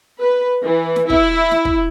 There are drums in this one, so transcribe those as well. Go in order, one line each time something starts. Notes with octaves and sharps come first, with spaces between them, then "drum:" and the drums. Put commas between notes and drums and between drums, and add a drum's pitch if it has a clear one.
B4
E3
drum: snare
E4, drum: kick
drum: snare
drum: kick